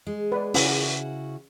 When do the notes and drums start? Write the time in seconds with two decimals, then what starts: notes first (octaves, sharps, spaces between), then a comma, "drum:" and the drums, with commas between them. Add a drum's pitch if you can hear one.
0.07 G#3
0.32 B4 D5
0.54 C#3 C#4 E4 F#4, drum: open hi-hat